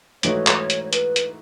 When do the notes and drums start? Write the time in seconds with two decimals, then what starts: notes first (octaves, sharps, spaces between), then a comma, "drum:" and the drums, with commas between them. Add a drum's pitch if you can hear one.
0.23 G#2 E3 A3 D#4 F#4 C#5, drum: hi-hat
0.47 drum: clap
0.59 C#5
0.70 drum: hi-hat
0.84 C#5
0.93 B4, drum: hi-hat
1.16 drum: hi-hat